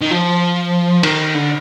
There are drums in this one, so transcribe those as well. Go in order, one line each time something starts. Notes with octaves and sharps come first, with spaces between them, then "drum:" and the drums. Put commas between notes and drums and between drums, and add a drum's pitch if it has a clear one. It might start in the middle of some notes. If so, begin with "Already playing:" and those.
D#3
F3
D#3, drum: cymbal
D3